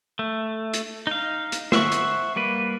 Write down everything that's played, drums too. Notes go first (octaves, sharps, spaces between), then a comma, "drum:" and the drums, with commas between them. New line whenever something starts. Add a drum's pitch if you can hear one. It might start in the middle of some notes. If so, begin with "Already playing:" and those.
A3
drum: hi-hat
D#4 F5
drum: hi-hat
C5 E5 F#5 C#6, drum: snare
drum: hi-hat
G3 A#3 B4